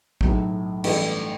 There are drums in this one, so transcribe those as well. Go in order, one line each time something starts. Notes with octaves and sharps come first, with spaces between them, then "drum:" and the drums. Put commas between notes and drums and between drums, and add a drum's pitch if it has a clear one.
B1 A2 F#3, drum: kick
A1 G2 E3 A3, drum: cymbal